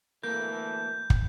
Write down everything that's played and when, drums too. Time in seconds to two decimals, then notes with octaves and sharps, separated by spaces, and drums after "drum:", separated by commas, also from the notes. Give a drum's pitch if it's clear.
0.23 D2 E3 A3 A#3 A4 A#4 G6
1.10 drum: kick